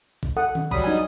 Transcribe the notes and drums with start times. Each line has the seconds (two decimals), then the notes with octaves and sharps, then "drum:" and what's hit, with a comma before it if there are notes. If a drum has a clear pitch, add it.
0.23 drum: kick A1
0.37 A4 F#5 D#6
0.55 drum: tom D#3
0.71 F#3 G3 B5 D#6, drum: kick A1
0.84 D#4 G#5